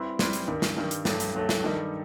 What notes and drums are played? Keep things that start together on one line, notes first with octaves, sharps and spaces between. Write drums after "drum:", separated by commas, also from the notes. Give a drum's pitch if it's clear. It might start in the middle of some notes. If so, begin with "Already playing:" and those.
Already playing: G3 C4 E4 B4
G3 C4 E4 B4, drum: snare
drum: hi-hat
G2 D#3 G3
drum: snare
G2 D#3 G3
drum: hi-hat
G2 F#3 A3, drum: snare
drum: hi-hat
G2 F#3 A3
drum: snare
G2 D#3 G3 D#4 A4